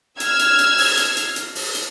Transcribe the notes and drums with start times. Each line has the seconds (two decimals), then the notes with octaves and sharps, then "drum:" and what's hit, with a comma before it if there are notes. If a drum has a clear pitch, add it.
0.20 E6 F6 G#6, drum: hi-hat
0.39 drum: hi-hat
0.59 drum: hi-hat
0.78 drum: open hi-hat
0.97 drum: hi-hat
1.17 drum: hi-hat
1.36 drum: hi-hat
1.55 drum: open hi-hat
1.75 drum: hi-hat